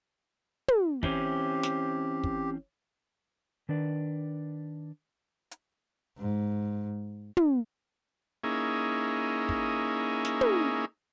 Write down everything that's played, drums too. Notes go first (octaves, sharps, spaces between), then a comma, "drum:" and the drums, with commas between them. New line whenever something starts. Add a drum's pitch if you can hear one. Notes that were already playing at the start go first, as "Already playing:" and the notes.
drum: tom
E3 C4 C#4 G4, drum: kick
drum: snare
drum: kick
D#3 D4 B4 D5
drum: hi-hat
G#2
drum: tom
A#3 C#4 D#4 E4 G#4
drum: kick
drum: snare
drum: tom